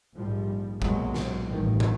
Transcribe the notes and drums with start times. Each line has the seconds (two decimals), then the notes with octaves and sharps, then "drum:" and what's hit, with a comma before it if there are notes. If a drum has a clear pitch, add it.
0.15 A#1 G#2 F3 G3
0.82 B1 A#2 F#3 G#3, drum: kick F#1
1.14 drum: snare
1.47 A1 G2 D#3 F3
1.80 drum: tom